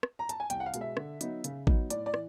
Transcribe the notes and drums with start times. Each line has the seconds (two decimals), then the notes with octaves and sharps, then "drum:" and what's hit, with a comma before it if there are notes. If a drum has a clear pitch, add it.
0.03 drum: rim click
0.19 A#5
0.29 A5, drum: hi-hat
0.40 G#5
0.50 C2 G5, drum: hi-hat
0.60 F#5
0.66 F5
0.74 B2 G#3 B3, drum: hi-hat
0.81 E5
0.97 D3, drum: rim click
1.21 F#3 B3 D#4, drum: hi-hat
1.44 C#3, drum: hi-hat
1.67 F#3 B3 D#4, drum: kick A1
1.90 A2 D5, drum: hi-hat
2.06 D5
2.14 E3, drum: rim click